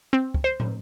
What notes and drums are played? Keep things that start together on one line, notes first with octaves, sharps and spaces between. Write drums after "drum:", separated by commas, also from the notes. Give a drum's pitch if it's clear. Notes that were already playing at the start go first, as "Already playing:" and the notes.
C4
drum: kick
C5
drum: tom